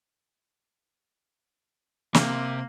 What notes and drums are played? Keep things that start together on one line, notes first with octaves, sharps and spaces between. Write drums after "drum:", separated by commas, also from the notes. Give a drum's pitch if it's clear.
C3 A#3, drum: snare